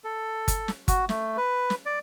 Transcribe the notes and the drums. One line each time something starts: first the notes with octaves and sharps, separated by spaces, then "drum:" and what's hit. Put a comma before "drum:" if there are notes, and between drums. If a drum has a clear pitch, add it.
A4
drum: kick G1, hi-hat
drum: snare
F#4, drum: kick G1, hi-hat
A3, drum: snare
B4
drum: snare
D5